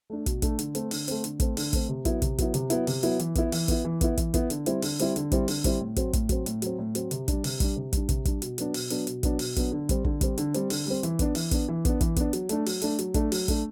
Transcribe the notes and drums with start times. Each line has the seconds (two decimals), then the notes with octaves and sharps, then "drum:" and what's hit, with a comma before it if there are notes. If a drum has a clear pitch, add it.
0.10 A3 D4
0.26 B2, drum: kick, hi-hat
0.42 A3 D4, drum: kick, hi-hat
0.59 D3, drum: hi-hat
0.75 A3 C4, drum: hi-hat
0.91 D3, drum: open hi-hat
1.08 A3 C4, drum: hi-hat
1.24 D3, drum: hi-hat
1.40 A3 C4, drum: kick, hi-hat
1.57 D3, drum: open hi-hat
1.73 A3 C4, drum: kick, hi-hat
1.89 C3
2.05 F#3 B3 E4, drum: kick, hi-hat
2.22 C3, drum: kick, hi-hat
2.38 F#3 B3 E4, drum: kick, hi-hat
2.54 C3, drum: hi-hat
2.70 F#3 B3 E4, drum: hi-hat
2.87 C3, drum: open hi-hat
3.03 F#3 B3 E4, drum: hi-hat
3.19 E3, drum: hi-hat
3.35 B3 E4, drum: kick, hi-hat
3.52 E3, drum: open hi-hat
3.68 B3 E4, drum: kick, hi-hat
3.85 E3
4.01 B3 E4, drum: kick, hi-hat
4.17 E3, drum: kick, hi-hat
4.34 B3 E4, drum: kick, hi-hat
4.50 D3, drum: hi-hat
4.66 G3 C4 E4, drum: hi-hat
4.82 D3, drum: open hi-hat
4.99 G3 C4 E4, drum: hi-hat
5.16 D3, drum: hi-hat
5.32 G3 C4 E4, drum: kick, hi-hat
5.48 D3, drum: open hi-hat
5.64 G3 C4 E4, drum: kick, hi-hat
5.80 A2
5.96 F#3 C4, drum: kick, hi-hat
6.13 A2, drum: kick, hi-hat
6.29 F#3 C4, drum: kick, hi-hat
6.46 A2, drum: hi-hat
6.62 F#3 C4, drum: hi-hat
6.79 A2
6.95 F#3 C4, drum: hi-hat
7.11 C3, drum: hi-hat
7.28 G3 D4, drum: kick, hi-hat
7.44 C3, drum: open hi-hat
7.60 G3 D4, drum: kick, hi-hat
7.76 C3
7.93 G3 D4, drum: kick, hi-hat
8.09 C3, drum: kick, hi-hat
8.25 G3 D4, drum: kick, hi-hat
8.42 B2, drum: hi-hat
8.58 F#3 B3 D4, drum: hi-hat
8.74 B2, drum: open hi-hat
8.90 F#3 B3 D4, drum: hi-hat
9.07 B2, drum: hi-hat
9.23 F#3 B3 D4, drum: kick, hi-hat
9.39 B2, drum: open hi-hat
9.56 F#3 B3 D4, drum: kick, hi-hat
9.72 D3
9.89 G3 C4, drum: kick, hi-hat
10.04 D3, drum: kick
10.21 G3 C4, drum: kick, hi-hat
10.38 D3, drum: hi-hat
10.54 G3 C4, drum: hi-hat
10.70 D3, drum: open hi-hat
10.86 G3 C4
11.03 E3, drum: hi-hat
11.19 B3 D4, drum: kick, hi-hat
11.35 E3, drum: open hi-hat
11.51 B3 D4, drum: kick, hi-hat
11.68 E3
11.85 B3 D4, drum: kick, hi-hat
12.01 E3, drum: kick, hi-hat
12.16 B3 D4, drum: kick, hi-hat
12.33 F#3, drum: hi-hat
12.49 A3 D4, drum: hi-hat
12.66 F#3, drum: open hi-hat
12.82 A3 D4, drum: hi-hat
12.99 F#3, drum: hi-hat
13.14 A3 D4, drum: kick, hi-hat
13.32 F#3, drum: open hi-hat
13.48 A3 D4, drum: kick, hi-hat